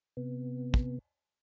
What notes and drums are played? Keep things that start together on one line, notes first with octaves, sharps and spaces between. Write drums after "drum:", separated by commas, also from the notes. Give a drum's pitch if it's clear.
C3 B3
drum: kick